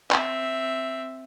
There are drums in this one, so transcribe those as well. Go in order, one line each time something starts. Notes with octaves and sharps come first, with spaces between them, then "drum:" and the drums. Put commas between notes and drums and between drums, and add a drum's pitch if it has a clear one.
C4 E5, drum: clap